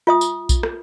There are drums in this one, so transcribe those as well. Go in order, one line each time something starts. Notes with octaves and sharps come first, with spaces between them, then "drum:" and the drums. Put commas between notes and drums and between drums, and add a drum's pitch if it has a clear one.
F4 E5 D#6
drum: tambourine
drum: kick B1, tambourine
drum: rim click